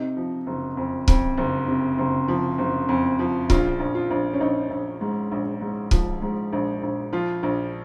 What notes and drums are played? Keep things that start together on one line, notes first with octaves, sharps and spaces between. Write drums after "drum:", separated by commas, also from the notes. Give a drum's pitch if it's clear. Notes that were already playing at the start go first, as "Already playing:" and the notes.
Already playing: C3 D#4
F3
F#1
F2
F2, drum: kick
F#1
C3
F#1
F3
F#1
F2
F3
A#1 F4, drum: kick
A#1
F4
A#1
C#4
A#1 D#4
A#1
G#2
A#1
G#2
F3, drum: kick
G#2
A#1
A#1
F3 F4
A#1